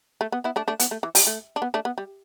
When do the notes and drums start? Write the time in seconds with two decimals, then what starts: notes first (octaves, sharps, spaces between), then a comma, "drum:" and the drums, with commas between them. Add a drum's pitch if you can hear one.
0.21 A3
0.32 B3
0.44 B3 E4
0.56 A3 D4
0.68 A3 D4
0.80 B3, drum: hi-hat
0.91 A3
1.03 E3
1.15 G3, drum: open hi-hat
1.27 A3
1.56 D4
1.62 B3
1.74 A3 D4
1.85 B3
1.98 G3